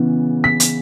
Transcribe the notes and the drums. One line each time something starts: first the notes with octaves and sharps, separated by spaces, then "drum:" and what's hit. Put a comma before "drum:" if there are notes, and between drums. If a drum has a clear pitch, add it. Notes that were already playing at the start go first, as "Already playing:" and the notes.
Already playing: C#3 E3 B3
B6
drum: hi-hat